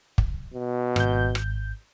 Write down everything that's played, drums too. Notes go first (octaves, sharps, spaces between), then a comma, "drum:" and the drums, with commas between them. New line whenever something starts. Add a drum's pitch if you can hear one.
drum: kick
B2
G#1 G6, drum: rim click
drum: rim click